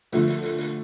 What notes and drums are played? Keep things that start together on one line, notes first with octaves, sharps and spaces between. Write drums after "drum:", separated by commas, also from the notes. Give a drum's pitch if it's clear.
D3 F3 A3, drum: hi-hat
drum: hi-hat
drum: hi-hat
drum: hi-hat